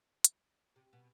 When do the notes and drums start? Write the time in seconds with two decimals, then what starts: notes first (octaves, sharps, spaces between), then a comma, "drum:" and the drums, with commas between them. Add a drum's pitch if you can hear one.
0.24 drum: hi-hat
0.76 C3
0.93 B2